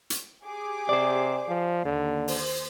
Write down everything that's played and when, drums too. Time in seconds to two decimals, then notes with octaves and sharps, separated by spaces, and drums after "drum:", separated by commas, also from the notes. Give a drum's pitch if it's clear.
0.10 drum: hi-hat
0.46 G4 G#4 D6
0.89 C3 C5 D5
1.48 F3
1.85 D#2 D3
2.28 C5, drum: open hi-hat